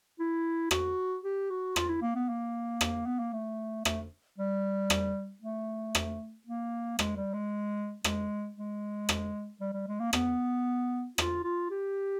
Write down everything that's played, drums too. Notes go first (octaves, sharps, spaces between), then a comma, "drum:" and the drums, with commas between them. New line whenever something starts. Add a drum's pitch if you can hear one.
E4
F#4, drum: rim click
G4
F#4
F4, drum: rim click
E4
A#3
B3
A#3
drum: rim click
B3
A#3
A3
A3, drum: rim click
G3
drum: rim click
A3
drum: rim click
A#3
G#3, drum: rim click
G3
G#3
G#3, drum: rim click
G#3
drum: rim click
G3
G3
G#3
A#3
B3, drum: rim click
F4, drum: rim click
F4
G4